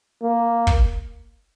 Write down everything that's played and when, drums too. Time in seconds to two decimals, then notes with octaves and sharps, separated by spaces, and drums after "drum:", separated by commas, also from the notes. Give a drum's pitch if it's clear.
0.23 A#3
0.67 drum: kick